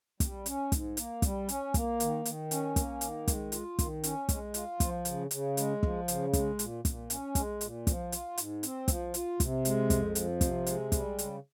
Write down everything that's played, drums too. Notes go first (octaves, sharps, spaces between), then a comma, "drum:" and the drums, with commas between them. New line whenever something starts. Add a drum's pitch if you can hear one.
G3, drum: kick, hi-hat
C#4, drum: hi-hat
G#2, drum: kick, hi-hat
A#3, drum: hi-hat
G3, drum: kick, hi-hat
C#4, drum: hi-hat
A#3, drum: kick, hi-hat
D#3, drum: hi-hat
D#3, drum: hi-hat
C#4, drum: hi-hat
A#3, drum: kick, hi-hat
D#3, drum: hi-hat
G#3, drum: kick, hi-hat
F4, drum: hi-hat
D#3, drum: kick, hi-hat
C#4, drum: hi-hat
G#3, drum: kick, hi-hat
F4, drum: hi-hat
F3, drum: kick, hi-hat
C#3, drum: hi-hat
C#3, drum: hi-hat
G#3, drum: hi-hat
F3, drum: kick
C#3, drum: hi-hat
G#3, drum: kick, hi-hat
A#2, drum: hi-hat
A#2, drum: kick, hi-hat
C#4, drum: hi-hat
G#3, drum: kick, hi-hat
A#2, drum: hi-hat
F3, drum: kick, hi-hat
F4, drum: hi-hat
G#2, drum: hi-hat
C4, drum: hi-hat
F3, drum: kick, hi-hat
F4, drum: hi-hat
C3, drum: kick, hi-hat
G#3, drum: hi-hat
F2, drum: kick, hi-hat
F3, drum: hi-hat
C3, drum: kick, hi-hat
G#3, drum: hi-hat
G3, drum: kick, hi-hat
C#3, drum: hi-hat